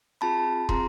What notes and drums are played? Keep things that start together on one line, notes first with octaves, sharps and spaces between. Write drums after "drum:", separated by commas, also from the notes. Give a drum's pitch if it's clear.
C4 F4 G#4 A5 B5
C4 F4 G#4 A#5 C6, drum: kick